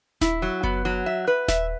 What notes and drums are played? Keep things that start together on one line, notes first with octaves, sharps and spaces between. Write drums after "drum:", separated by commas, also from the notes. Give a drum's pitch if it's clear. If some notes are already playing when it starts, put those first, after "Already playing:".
E4, drum: snare D#1
F#3
B3, drum: kick F#1
F#3
E5
B4
E5, drum: snare D#1